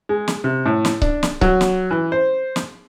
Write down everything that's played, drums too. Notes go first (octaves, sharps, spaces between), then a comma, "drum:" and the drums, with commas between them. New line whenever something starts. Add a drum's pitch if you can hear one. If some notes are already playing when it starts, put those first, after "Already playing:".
G#3
drum: snare
C3
A2
drum: snare
D4, drum: kick C#1
drum: snare
F#3, drum: kick C#1
drum: snare
E3
C5
drum: snare